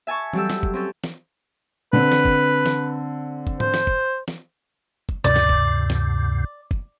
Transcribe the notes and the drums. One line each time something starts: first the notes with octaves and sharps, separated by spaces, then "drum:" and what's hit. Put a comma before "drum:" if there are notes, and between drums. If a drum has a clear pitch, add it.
E5 G#5 A5 C#6
F#3 G3 G4 A4 E6, drum: tom E3
drum: snare
drum: kick
C4 C#4 A4
drum: snare
D3 C4 B4
drum: snare
drum: kick
drum: snare
drum: kick
C5, drum: tom G#2
drum: snare
drum: kick
drum: snare
drum: kick
D2 G2 C3 D5, drum: tom B2
drum: snare
drum: kick
drum: snare
drum: kick